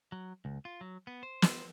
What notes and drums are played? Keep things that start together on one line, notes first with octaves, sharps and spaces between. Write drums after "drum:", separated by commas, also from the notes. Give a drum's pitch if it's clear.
F#3
C#2
F4
F#3
B3
C5
drum: snare